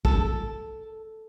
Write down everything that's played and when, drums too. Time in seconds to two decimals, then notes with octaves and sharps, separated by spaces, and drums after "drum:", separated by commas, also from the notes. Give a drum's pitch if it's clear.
0.05 A4, drum: kick